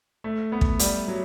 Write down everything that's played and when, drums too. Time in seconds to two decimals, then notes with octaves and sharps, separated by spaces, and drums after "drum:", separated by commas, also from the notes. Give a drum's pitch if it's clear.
0.24 A3
0.52 B3
0.61 drum: kick
0.79 G3, drum: hi-hat
1.08 F#3